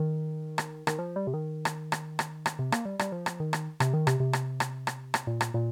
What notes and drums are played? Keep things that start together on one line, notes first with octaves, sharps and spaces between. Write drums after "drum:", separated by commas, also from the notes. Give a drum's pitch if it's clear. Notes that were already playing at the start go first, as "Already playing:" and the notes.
Already playing: D#3
drum: rim click
D#3, drum: rim click
F3
G3
C3
D#3
drum: rim click
drum: rim click
drum: rim click
drum: rim click
C3
A#3, drum: rim click
G3
G3, drum: rim click
F3
drum: rim click
D#3
drum: rim click
C3, drum: rim click
D#3
C3, drum: rim click
C3
drum: rim click
drum: rim click
drum: rim click
drum: rim click
A#2
drum: rim click
A#2